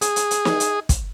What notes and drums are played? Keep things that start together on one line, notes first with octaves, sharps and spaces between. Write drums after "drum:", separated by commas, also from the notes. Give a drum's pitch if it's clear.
G#4, drum: hi-hat
drum: hi-hat
drum: hi-hat
drum: snare
drum: hi-hat
drum: kick, hi-hat